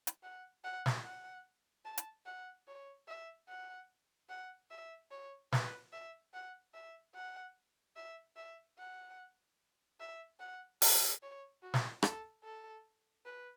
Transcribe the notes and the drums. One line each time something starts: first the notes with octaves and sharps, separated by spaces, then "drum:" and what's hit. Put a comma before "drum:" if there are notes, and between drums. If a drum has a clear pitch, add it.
drum: hi-hat
F#5
F#5
drum: snare
F#5
A5
drum: hi-hat
F#5
C#5
E5
F#5
F#5
E5
C#5
B4, drum: snare
E5
F#5
E5
F#5
E5
E5
F#5
E5
F#5
F#5, drum: open hi-hat
C#5
F#4
drum: snare
A4, drum: rim click
A4
B4